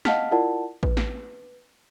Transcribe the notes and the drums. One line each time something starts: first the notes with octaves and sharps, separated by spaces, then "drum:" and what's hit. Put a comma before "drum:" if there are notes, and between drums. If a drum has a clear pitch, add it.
D#5 F5 F#5 A5 F6 B6, drum: snare
E4 F4 A#4 D5 F#5 A5
B4, drum: kick A1
drum: snare